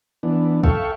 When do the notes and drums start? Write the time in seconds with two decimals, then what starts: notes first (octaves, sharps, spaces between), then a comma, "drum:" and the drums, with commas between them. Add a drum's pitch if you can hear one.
0.23 E3 B3 D4
0.63 A4 E5 F5 G5 C#6, drum: kick